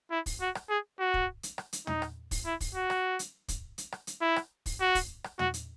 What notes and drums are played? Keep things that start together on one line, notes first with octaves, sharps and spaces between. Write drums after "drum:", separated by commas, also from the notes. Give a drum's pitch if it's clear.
E4
drum: kick, open hi-hat
F#4
drum: rim click
G#4
F#4
drum: kick
drum: hi-hat
drum: rim click
drum: hi-hat
D#4, drum: tom
drum: rim click
drum: kick, open hi-hat
E4
drum: kick, open hi-hat
F#4
drum: rim click
drum: hi-hat
drum: kick, hi-hat
drum: hi-hat
drum: rim click
drum: hi-hat
E4
drum: rim click
drum: kick, open hi-hat
F#4
drum: kick, open hi-hat
drum: rim click
F#4, drum: tom
drum: hi-hat